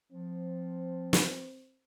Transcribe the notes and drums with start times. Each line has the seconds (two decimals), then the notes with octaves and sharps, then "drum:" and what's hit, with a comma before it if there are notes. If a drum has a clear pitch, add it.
0.12 F3 C4
1.13 drum: snare